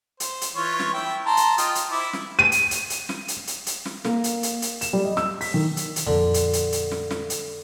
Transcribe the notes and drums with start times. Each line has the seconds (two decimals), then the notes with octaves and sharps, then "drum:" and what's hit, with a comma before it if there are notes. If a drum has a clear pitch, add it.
0.20 C5, drum: hi-hat
0.41 drum: hi-hat
0.56 E3 F4 C#5
0.80 drum: snare
0.94 E4 G5
1.26 A5 A#5 C6
1.37 drum: hi-hat
1.58 F4 D#5 G5, drum: hi-hat
1.75 drum: hi-hat
1.91 E4 C5 D6
2.13 drum: snare
2.39 D#7
2.52 drum: hi-hat
2.71 drum: hi-hat
2.90 drum: hi-hat
3.09 drum: snare
3.28 drum: hi-hat
3.47 drum: hi-hat
3.66 drum: hi-hat
3.86 drum: snare
4.05 A#3, drum: snare
4.24 drum: hi-hat
4.43 drum: hi-hat
4.62 drum: hi-hat
4.81 E7, drum: hi-hat
4.93 G3
5.05 D#5
5.17 E6, drum: snare
5.41 B6, drum: open hi-hat
5.54 D#3
5.77 drum: hi-hat
5.96 drum: hi-hat
6.07 F2 A#2 D3
6.34 drum: hi-hat
6.53 drum: hi-hat
6.72 drum: hi-hat
6.92 drum: snare
7.11 drum: snare
7.30 drum: hi-hat